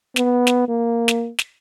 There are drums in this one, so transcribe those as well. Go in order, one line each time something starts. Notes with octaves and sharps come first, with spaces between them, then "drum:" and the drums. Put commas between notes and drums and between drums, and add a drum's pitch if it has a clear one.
B3, drum: snare
drum: snare
A#3
drum: snare
drum: snare